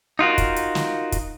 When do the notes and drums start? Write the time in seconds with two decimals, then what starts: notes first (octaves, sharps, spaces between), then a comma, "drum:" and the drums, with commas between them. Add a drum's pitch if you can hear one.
0.19 D#4 F4 F#4 A#4
0.38 drum: kick, hi-hat
0.56 drum: hi-hat
0.75 drum: snare
1.12 drum: kick, hi-hat